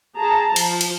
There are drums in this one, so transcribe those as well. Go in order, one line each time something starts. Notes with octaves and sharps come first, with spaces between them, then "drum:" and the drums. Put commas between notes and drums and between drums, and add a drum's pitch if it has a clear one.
G#4 A5 A#5
F3, drum: cymbal
drum: cymbal